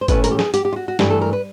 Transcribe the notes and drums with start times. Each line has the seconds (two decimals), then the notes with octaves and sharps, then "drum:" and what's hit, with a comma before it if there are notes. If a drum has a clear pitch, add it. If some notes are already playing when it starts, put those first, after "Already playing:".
0.01 C5
0.08 A2 E3 A3 C#4 B4, drum: kick G1, hi-hat
0.24 A#4, drum: hi-hat
0.31 G4
0.39 G#4, drum: snare
0.54 G4, drum: hi-hat
0.65 G4
0.73 F4
0.76 F#4
0.88 F#4
0.99 G2 E3 A3 G4, drum: snare
1.10 A4
1.21 A#4
1.33 B4